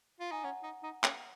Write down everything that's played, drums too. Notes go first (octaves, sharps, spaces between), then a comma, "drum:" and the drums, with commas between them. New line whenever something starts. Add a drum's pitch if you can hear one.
F4
D#4 G#5
C#4 F#5 A#5
D#4
D#4
C#4, drum: clap